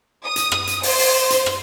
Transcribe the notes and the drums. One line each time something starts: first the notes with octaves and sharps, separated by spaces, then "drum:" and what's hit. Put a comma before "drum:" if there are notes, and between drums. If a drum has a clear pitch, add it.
D#6
drum: hi-hat
drum: rim click
drum: hi-hat
C5, drum: open hi-hat
drum: open hi-hat
drum: hi-hat
drum: rim click